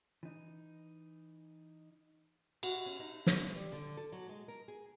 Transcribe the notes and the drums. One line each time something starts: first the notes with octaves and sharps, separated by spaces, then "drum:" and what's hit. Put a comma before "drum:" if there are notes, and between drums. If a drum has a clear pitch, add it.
E3 D#4
F#4, drum: cymbal
C#4
D#4
C#4, drum: snare
G3
D3
A4
F#3
G#3
A#4
G#4